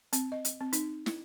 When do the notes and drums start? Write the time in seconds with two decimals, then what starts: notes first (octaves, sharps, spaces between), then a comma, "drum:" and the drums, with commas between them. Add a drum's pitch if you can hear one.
0.13 C4, drum: hi-hat
0.32 D#5
0.45 drum: hi-hat
0.61 C4
0.73 D#4, drum: hi-hat
1.06 E4, drum: snare